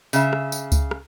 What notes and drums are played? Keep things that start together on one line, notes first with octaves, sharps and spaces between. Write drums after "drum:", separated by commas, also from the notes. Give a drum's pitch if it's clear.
C#3 E5, drum: tambourine
drum: rim click
drum: tambourine
drum: kick C#2, tambourine
drum: rim click